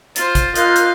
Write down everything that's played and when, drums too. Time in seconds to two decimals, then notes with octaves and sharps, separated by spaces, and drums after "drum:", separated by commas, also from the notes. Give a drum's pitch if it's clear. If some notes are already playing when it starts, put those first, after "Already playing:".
0.16 F4 C5 A6, drum: hi-hat
0.35 drum: kick, hi-hat
0.56 F4 A#4 D#5 F5 F#6 G6, drum: hi-hat
0.76 drum: hi-hat